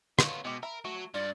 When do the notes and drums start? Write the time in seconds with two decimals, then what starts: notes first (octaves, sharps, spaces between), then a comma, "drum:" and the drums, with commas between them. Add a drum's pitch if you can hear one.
0.19 D#3 B3 F4 C#5, drum: rim click
0.45 B2 G#3 G4
0.63 A#4 E5 B5
0.85 F#3 A3
1.14 G2 F4 D5